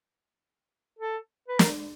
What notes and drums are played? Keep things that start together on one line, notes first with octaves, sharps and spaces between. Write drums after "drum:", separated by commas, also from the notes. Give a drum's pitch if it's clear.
A4
B4
A#4, drum: snare